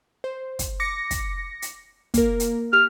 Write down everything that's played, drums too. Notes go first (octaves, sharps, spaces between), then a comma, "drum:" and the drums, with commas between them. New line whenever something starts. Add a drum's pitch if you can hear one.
C5
drum: kick, hi-hat
D6 A#6 C#7
drum: kick, hi-hat
drum: hi-hat
A#3 A#4, drum: kick, hi-hat
drum: hi-hat
G4 F6